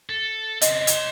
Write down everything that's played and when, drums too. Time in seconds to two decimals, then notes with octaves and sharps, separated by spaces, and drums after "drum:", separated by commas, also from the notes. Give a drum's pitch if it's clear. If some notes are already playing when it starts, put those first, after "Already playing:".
0.09 A4
0.62 C#3 C4 D#5, drum: hi-hat
0.87 C#5 C6, drum: hi-hat